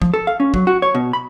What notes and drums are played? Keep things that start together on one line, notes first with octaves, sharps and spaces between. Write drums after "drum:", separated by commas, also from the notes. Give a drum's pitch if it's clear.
F3, drum: kick
A4
F5
C#4
F#3, drum: kick
F#4
C#5
B2
B5